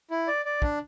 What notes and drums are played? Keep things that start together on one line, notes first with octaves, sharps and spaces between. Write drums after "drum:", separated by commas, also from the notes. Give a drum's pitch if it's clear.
E4
D5
D5
D4, drum: kick